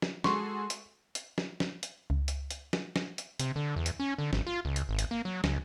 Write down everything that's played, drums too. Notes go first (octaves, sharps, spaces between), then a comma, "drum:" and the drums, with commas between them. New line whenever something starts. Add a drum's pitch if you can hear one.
drum: snare
G#3 F#4 G#4 A4 C6 C#6, drum: snare
drum: hi-hat
drum: hi-hat
drum: snare
drum: snare
drum: hi-hat
C#2
drum: hi-hat
drum: hi-hat
drum: snare
drum: snare
drum: hi-hat
C3, drum: hi-hat
D3
E2
drum: hi-hat
C#4
D3
G#1, drum: snare
F4
C#2
drum: hi-hat
G#1
drum: hi-hat
A#3
F#3
C#2, drum: snare